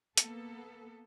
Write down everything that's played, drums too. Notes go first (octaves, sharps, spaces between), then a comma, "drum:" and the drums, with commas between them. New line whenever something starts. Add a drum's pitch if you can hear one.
A#3 B3 A4, drum: hi-hat